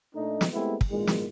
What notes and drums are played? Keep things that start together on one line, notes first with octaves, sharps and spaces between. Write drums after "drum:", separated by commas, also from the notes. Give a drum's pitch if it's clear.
A#2 A3 D4 D#4
drum: snare
G#3 A3 B3 C4 E4 G4
drum: kick
G#1 A#2 E3 G#3
drum: snare